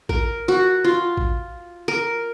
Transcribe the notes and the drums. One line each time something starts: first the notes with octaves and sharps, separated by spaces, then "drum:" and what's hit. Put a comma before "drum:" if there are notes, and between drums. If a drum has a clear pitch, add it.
A#4, drum: kick A1
F#4
F4
drum: kick A1
A#4